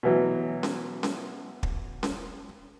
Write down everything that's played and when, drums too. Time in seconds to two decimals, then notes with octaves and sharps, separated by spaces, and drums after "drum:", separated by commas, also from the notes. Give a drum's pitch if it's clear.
0.03 B2 E3 F#3
0.63 drum: snare C#4
1.03 drum: snare C#4
1.63 drum: kick
2.03 drum: snare C#4